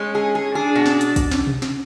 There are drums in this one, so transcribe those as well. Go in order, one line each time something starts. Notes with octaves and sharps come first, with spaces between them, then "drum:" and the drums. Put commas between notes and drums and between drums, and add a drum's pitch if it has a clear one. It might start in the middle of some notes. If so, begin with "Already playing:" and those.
Already playing: G#3 C#4
G#4
G#4
D4 G#4
B2
drum: snare
drum: hi-hat
drum: kick, hi-hat
drum: snare
drum: tom B2
drum: snare